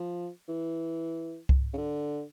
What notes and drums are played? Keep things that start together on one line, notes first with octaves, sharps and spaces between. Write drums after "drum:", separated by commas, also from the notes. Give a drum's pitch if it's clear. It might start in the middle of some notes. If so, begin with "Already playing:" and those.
Already playing: F3
E3
drum: kick C2
C#3
D3